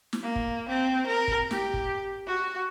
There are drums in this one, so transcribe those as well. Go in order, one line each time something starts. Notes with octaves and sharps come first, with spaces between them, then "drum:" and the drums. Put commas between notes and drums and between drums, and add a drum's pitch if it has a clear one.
drum: snare
A#3
drum: kick
C4
A#4
drum: kick
G4, drum: snare
drum: kick
F#4